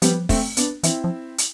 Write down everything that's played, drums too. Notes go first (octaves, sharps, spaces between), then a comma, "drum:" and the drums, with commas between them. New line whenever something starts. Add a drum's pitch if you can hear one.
F3 G3 B3, drum: hi-hat
A3 C4, drum: kick, open hi-hat
B3 D4, drum: hi-hat
E3 C4 E4, drum: hi-hat
F3
drum: hi-hat